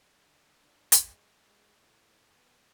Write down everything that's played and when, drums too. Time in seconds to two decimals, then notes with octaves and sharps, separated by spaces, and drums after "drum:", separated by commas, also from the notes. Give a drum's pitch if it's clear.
0.23 D3
0.61 D4
0.92 G#3, drum: hi-hat
1.46 G#3
1.78 A2
2.35 B3